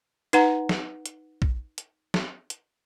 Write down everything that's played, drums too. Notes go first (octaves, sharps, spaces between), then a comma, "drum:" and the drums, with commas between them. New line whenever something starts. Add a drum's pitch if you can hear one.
D#4 B4 F#5 A#5, drum: hi-hat
drum: snare
drum: hi-hat
drum: kick
drum: hi-hat
drum: snare
drum: hi-hat